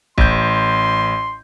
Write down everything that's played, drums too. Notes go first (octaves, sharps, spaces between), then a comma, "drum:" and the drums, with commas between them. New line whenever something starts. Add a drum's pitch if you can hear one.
A1 C6 G6, drum: kick